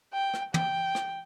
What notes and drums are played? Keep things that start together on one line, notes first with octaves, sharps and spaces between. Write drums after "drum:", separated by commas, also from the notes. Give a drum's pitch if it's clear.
G5
drum: rim click
G5, drum: tom
drum: rim click